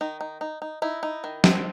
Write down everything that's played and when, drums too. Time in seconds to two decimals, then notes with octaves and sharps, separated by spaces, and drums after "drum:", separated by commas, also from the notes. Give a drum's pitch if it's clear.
0.01 D#3 D#4
0.21 D#4
0.41 D#4
0.62 D#4
0.82 D#4 E4
1.03 D#4
1.24 D#3
1.44 C4, drum: snare